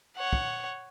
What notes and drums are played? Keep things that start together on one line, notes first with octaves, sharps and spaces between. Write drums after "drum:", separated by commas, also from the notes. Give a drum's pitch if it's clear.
C#5 F#5
drum: kick